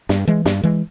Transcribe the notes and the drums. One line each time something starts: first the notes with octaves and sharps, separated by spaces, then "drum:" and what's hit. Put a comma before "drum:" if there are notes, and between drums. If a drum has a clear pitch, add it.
G2, drum: snare
E3 G#3
G2, drum: snare
E3 G#3